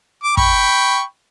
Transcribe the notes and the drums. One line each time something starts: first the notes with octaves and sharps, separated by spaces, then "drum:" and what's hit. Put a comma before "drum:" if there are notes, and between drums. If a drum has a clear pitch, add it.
D6
G5 B5 C#6, drum: kick